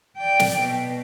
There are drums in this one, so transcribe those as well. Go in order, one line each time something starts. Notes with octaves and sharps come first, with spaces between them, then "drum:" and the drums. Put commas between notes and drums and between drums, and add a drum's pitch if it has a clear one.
D5 G5
drum: snare
B2